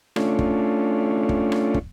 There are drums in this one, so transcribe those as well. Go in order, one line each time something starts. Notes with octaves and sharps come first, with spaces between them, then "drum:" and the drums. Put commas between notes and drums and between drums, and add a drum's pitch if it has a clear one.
A3 C#4 D4 F4, drum: rim click
drum: kick
drum: kick
drum: rim click
drum: kick